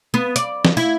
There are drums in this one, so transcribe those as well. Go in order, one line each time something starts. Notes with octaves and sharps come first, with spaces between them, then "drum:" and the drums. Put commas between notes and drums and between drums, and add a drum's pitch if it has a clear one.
B3
D5, drum: hi-hat
drum: snare
E4